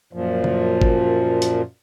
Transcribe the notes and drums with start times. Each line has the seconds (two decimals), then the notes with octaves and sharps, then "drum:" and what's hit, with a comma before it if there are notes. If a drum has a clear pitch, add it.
0.13 F#2 A#2 F3
0.44 drum: tom C#3
0.82 drum: kick
1.42 drum: hi-hat